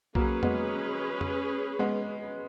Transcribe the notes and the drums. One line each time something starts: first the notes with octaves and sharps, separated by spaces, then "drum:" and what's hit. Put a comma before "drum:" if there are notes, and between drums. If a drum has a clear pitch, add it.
F#3 A#3 C#4 G#4 B4, drum: kick B1
G#3 B3, drum: tom F2
drum: tom F2
G#3 B3